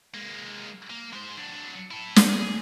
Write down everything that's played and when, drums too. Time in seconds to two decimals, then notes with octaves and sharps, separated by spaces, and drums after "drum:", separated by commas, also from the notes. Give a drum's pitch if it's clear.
0.14 G#3 A#3
0.90 A#3
1.13 G#3 C5
1.37 F#3 D4
1.91 E4 A4
2.16 drum: snare
2.28 G#4